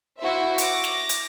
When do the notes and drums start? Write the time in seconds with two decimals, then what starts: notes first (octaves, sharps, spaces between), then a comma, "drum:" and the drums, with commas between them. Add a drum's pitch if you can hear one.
0.20 E4 F#4 C5 E5
0.58 D6 A#6, drum: hi-hat
0.84 drum: snare
1.09 drum: hi-hat